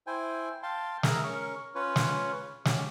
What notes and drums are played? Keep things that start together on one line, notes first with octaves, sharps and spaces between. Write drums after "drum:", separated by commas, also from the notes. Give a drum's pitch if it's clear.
E4 C5 G5 G#5
F5 G5 A5 C6
G#4 A#4 E5 A#5, drum: snare
C#4 A#4 C#6
C#4 F4 B4 C#5
drum: snare
C#4 F#4 G4, drum: snare